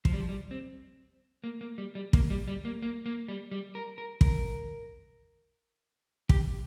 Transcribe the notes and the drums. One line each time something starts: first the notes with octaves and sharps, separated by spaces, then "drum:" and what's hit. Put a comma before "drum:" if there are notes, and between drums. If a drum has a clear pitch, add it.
F3, drum: kick
G3
F3
G3
C4
A#3
A#3
G3
G3
A#3, drum: kick
G3
G3
A#3
A#3
A#3
G3
G3
A#4
A#4
A#4, drum: kick
G4, drum: kick